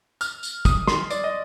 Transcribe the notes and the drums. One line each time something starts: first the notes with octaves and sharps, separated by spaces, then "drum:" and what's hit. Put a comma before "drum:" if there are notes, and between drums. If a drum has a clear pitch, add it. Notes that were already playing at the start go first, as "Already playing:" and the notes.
F6, drum: tambourine
drum: tambourine
D#6, drum: kick, tambourine
C6, drum: snare
D5, drum: tambourine
D#5